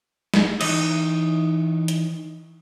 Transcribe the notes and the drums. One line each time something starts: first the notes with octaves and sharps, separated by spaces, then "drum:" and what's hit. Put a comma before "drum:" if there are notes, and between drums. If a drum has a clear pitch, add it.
drum: snare
E3 D#4 C#5 D#5, drum: cymbal
drum: hi-hat